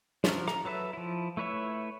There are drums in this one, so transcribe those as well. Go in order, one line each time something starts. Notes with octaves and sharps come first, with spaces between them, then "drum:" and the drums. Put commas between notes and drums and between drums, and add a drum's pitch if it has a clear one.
F3 F#3 A#4, drum: snare
A#5, drum: rim click
F#3 A4 B4 E5
F3 E4
A3 E4 B4 C#5 E5